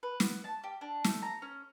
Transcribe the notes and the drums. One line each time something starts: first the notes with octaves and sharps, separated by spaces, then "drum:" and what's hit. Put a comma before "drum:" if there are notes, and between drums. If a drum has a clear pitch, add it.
B4
B3, drum: snare
A5
G4
D4
A3, drum: snare
A#5
C#4